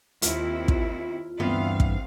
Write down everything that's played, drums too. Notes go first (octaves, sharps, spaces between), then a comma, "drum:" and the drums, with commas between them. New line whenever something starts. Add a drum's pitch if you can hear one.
D#2 C4 E4 F4, drum: hi-hat
drum: kick
D2 G2 E3 B3 C4 E5 F5
drum: kick